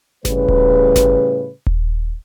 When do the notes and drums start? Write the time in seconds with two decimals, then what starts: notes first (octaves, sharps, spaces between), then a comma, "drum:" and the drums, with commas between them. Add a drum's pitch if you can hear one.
0.25 A2 C#3 G3 B4, drum: snare G1
0.48 drum: kick D#1
0.96 drum: snare G1
1.66 drum: kick D#1